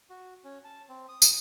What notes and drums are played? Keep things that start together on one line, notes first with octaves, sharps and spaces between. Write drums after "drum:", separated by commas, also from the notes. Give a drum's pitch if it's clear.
F#4
C#4
A5
C4
D#6
drum: tambourine